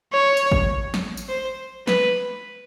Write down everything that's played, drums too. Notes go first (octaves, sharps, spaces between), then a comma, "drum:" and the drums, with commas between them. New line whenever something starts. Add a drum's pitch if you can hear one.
C#5
drum: hi-hat
drum: kick G#1
drum: snare
drum: tambourine
C5
B4, drum: snare